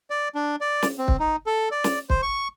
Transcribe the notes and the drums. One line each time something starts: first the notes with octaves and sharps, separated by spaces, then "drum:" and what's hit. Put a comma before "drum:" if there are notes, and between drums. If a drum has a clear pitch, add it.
D5
D4
D5
drum: snare
C4
drum: kick
D#4
A4
D5
drum: snare
C5, drum: kick
C#6